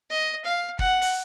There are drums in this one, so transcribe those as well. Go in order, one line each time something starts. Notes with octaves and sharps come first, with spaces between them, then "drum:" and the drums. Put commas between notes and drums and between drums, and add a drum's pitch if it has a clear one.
D#5
F5
F#5, drum: kick
drum: open hi-hat